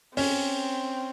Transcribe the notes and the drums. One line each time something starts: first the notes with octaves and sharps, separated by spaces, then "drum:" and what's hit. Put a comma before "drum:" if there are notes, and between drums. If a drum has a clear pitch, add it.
C4 C#4, drum: open hi-hat